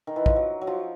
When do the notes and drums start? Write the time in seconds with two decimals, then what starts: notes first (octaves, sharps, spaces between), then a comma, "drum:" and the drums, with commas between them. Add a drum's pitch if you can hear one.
0.07 D#3
0.16 E3
0.26 F3, drum: kick
0.36 F#3
0.61 F#3
0.67 F3